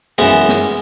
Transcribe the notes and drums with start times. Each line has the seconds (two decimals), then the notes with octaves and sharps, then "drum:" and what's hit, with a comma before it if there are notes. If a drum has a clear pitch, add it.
0.18 F#2 E3 G#3 B3, drum: hi-hat
0.49 drum: snare